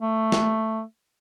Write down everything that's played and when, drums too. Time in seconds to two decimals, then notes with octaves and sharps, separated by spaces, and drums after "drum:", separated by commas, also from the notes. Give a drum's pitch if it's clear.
0.01 A3
0.32 drum: snare